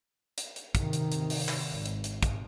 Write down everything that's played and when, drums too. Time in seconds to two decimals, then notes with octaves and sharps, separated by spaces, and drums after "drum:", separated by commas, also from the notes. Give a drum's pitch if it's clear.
0.38 drum: hi-hat
0.56 drum: hi-hat
0.75 C3 D#3, drum: kick, hi-hat
0.93 drum: hi-hat
1.12 drum: hi-hat
1.30 drum: open hi-hat
1.49 drum: clap
1.70 G#1
1.86 drum: hi-hat
2.04 drum: hi-hat
2.23 drum: kick, hi-hat